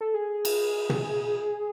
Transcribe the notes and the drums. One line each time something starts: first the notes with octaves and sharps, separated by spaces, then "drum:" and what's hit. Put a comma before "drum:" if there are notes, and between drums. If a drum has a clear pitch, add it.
A4
G#4
drum: cymbal
drum: tom